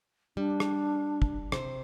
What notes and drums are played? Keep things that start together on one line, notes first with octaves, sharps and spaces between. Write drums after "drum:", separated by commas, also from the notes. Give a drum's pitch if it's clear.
G3 D4
drum: rim click
drum: kick
C3 C5, drum: rim click